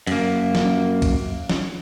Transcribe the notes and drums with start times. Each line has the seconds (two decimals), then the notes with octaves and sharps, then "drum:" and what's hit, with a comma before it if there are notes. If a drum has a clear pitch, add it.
0.07 F#2 A#3, drum: cymbal
0.55 drum: snare
1.02 drum: kick, cymbal
1.49 drum: snare